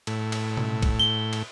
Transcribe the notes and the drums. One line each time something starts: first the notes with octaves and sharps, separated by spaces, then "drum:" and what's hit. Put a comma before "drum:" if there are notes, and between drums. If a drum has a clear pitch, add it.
A2, drum: cymbal
drum: cymbal
drum: tom B2
drum: kick, cymbal
G7
drum: cymbal